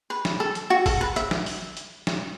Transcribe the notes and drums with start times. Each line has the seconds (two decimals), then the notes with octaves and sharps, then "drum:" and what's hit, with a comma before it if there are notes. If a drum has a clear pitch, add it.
0.10 B4
0.25 drum: snare
0.40 A4
0.55 drum: hi-hat
0.70 F#4
0.86 A4, drum: kick, open hi-hat
1.01 B4
1.16 E5, drum: hi-hat
1.31 drum: snare
1.46 drum: open hi-hat
1.77 drum: hi-hat
2.07 drum: snare